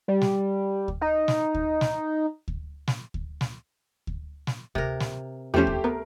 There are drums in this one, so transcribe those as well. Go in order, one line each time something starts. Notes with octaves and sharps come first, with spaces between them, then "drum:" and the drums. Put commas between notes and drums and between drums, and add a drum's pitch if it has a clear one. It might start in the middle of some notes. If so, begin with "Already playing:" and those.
G3
drum: snare
drum: kick D2
D#4
drum: snare
drum: kick D2
drum: snare
drum: kick D2
drum: snare
drum: kick D2
drum: snare
drum: kick D2
drum: snare
C3 A#4, drum: kick D2
drum: snare
E2 F3 A3 C#4 G4 C5
drum: kick D2
B3 A#4